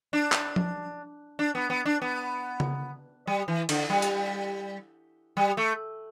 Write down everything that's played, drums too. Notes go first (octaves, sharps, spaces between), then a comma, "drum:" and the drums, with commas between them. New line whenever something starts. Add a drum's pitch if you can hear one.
D4
drum: clap
drum: tom F3
D4
B3
B3
D4
B3
drum: tom C#3
G3
E3
D3, drum: cymbal
G3
drum: hi-hat
G3
A3